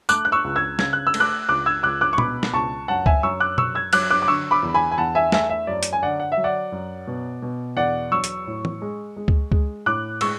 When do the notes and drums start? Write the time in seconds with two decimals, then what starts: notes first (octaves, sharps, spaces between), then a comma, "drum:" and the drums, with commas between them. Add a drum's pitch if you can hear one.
0.09 A3 D6 F#6, drum: tambourine
0.25 F#6
0.32 C#6 E6
0.44 C#2
0.56 E6 G#6
0.79 C#3 G#6, drum: snare
0.93 F#6
1.07 E6
1.14 A3, drum: cymbal
1.20 D6 F#6
1.49 C#2 D6 F#6
1.66 E6 G#6
1.83 C#2 D6 F#6
2.01 D6 F#6
2.13 C#6
2.18 B2 B5 D6, drum: tom A#2
2.43 drum: snare
2.53 C#2 A5 C#6
2.88 F#2 F#5 A5
3.06 E5 G#5, drum: kick C#2
3.23 F#2 C#6 E6
3.40 D6 F#6
3.58 F#2 C#6 E6, drum: tom B2
3.75 E6 G#6
3.93 F#3 D6 F#6, drum: cymbal
4.10 D6 F#6
4.22 D6
4.28 D3 C#6 E6
4.51 B5 D6
4.63 E2
4.74 G#5 B5
4.91 G#5
4.98 E2 F#5 A5
5.15 E5 G#5
5.32 A3 E5 G#5, drum: snare
5.50 E5
5.67 F#2 D5
5.83 drum: hi-hat
5.93 G#5
6.03 D3 D5 F#5
6.20 F#5
6.32 E5
6.37 F#3
6.44 D5 F#5
6.72 F#2
7.07 B2
7.42 B2
7.77 E2 D5 F#5
8.12 F#3 C#6 E6
8.24 drum: hi-hat
8.47 A2
8.65 drum: tom
8.82 G#3
9.16 G#3
9.28 drum: kick C#2
9.52 G#3, drum: kick C#2
9.86 A2 D6 F#6
10.21 G#3 C#6 E6, drum: cymbal